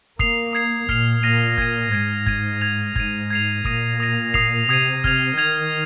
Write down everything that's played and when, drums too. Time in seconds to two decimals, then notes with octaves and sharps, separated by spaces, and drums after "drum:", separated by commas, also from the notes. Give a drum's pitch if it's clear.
0.19 A#3 D#6 C7 F7, drum: kick G1
0.53 D#6 G#6 C7 F7
0.88 A#2 F6 C7 F7, drum: kick G1
1.23 A#2 F6 A#6 D#7
1.58 G#6 D#7, drum: kick G1
1.92 G#2 G#6 D#7
2.26 G#6 D#7, drum: kick G1
2.61 G#6 F7
2.96 G#2 G#6 D#7, drum: kick G1
3.30 G#6 C7 F7
3.65 A#2 D#6 A#6 D#7, drum: kick G1
4.00 D#6 A#6 D#7
4.34 D#6 C7 F7, drum: kick G1
4.69 C3 D#6 G#6 C7 D#7
5.04 F6 G#6 F7, drum: kick G1
5.38 D#3 G#6 F7